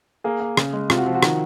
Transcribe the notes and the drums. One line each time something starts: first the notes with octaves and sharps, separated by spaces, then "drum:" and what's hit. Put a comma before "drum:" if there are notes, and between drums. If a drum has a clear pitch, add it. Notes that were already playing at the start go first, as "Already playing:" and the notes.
A#3 G#4
A#3
C#3, drum: rim click
G#3
C3 F4, drum: rim click
F#4
F3
F#4
D#3, drum: rim click